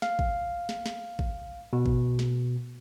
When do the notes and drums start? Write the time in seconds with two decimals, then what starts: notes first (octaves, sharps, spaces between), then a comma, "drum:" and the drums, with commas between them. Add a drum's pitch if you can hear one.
0.02 F5, drum: snare
0.19 drum: kick
0.69 drum: snare
0.86 drum: snare
1.19 drum: kick
1.73 B2
1.86 drum: kick
2.19 drum: snare